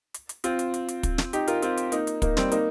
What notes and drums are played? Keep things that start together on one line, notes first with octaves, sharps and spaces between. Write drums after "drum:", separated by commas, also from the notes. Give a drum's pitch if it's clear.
drum: hi-hat
drum: hi-hat
C4 F4, drum: hi-hat
drum: hi-hat
drum: hi-hat
drum: hi-hat
drum: kick, hi-hat
drum: snare
D#4 G4, drum: hi-hat
F4 A#4, drum: hi-hat
C4 F4, drum: hi-hat
drum: hi-hat
A#3 D#4, drum: hi-hat
drum: hi-hat
A#3 D#4, drum: kick, hi-hat
G3 C4, drum: snare
A#3 D#4, drum: hi-hat